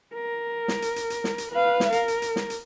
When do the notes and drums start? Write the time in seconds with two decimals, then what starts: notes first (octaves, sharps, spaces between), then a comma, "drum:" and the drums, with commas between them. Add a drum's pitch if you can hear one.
0.15 A#4
0.68 drum: snare
0.82 drum: hi-hat
0.96 drum: hi-hat
1.10 drum: hi-hat
1.24 drum: snare
1.38 drum: hi-hat
1.52 B4 F5
1.80 drum: snare
1.92 A#4, drum: hi-hat
2.08 drum: hi-hat
2.22 drum: hi-hat
2.36 drum: snare
2.50 drum: hi-hat